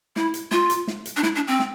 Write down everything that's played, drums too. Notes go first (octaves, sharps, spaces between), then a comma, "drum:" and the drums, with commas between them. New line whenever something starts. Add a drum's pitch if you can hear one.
E4, drum: snare
drum: hi-hat
F4, drum: snare
drum: hi-hat
drum: snare
drum: hi-hat
D4
E4, drum: snare
D4
C4
drum: snare